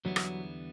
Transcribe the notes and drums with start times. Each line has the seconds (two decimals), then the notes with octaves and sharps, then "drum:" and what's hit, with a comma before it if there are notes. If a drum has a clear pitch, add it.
0.05 E2 D3 F#3 G3 B3 E4
0.16 drum: rim click